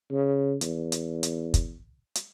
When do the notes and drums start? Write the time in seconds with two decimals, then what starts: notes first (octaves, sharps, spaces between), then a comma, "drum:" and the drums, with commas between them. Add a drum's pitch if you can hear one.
0.12 C#3
0.61 E2, drum: hi-hat
0.92 drum: hi-hat
1.23 drum: hi-hat
1.54 drum: kick, hi-hat
2.15 drum: hi-hat